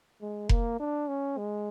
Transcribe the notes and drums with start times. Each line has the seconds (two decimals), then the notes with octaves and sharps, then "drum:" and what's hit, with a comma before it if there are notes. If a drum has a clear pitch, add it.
0.21 G#3
0.49 A#3, drum: kick F1
0.80 D4
1.08 C#4
1.38 G#3